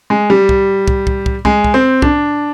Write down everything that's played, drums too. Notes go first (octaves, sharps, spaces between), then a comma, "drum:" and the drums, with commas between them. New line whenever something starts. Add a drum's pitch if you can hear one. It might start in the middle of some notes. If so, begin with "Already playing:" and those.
G#3
G3
drum: kick
drum: kick
drum: kick
drum: kick
G#3, drum: kick
drum: kick
C4
D4, drum: kick